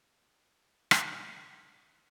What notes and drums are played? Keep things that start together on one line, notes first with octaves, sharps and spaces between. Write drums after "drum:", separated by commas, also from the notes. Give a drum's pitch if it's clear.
C#4 G#4 D5
drum: rim click